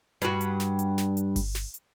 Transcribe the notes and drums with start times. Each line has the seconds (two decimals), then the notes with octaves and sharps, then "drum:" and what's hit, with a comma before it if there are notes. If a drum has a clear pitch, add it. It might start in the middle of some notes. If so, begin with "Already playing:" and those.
0.22 G2 F#4, drum: hi-hat
0.41 drum: hi-hat
0.60 drum: snare
0.79 drum: hi-hat
0.98 drum: snare
1.17 drum: hi-hat
1.36 drum: kick G1, open hi-hat
1.55 drum: snare
1.74 drum: hi-hat